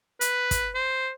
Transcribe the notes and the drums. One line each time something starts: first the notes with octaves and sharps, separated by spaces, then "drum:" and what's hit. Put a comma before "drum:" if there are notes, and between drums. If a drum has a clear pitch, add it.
B4, drum: hi-hat
drum: kick, hi-hat
C5